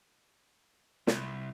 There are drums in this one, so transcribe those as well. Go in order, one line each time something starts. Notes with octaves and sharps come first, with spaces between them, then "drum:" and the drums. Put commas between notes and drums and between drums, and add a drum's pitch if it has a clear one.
C2, drum: snare